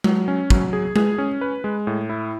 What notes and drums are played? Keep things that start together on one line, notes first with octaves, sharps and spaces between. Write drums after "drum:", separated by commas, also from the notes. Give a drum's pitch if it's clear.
F#3, drum: tom G#3
C#4
F#3, drum: kick
G#4
G#4, drum: tom G#3
C#4
B4
G#3
A2
E4